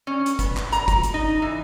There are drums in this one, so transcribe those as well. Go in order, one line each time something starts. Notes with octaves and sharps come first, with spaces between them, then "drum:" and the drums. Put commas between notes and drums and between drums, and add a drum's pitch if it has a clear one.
C#4
drum: hi-hat
B3, drum: kick, hi-hat
drum: clap
A#5, drum: hi-hat
drum: kick, hi-hat
drum: hi-hat
D#4
E3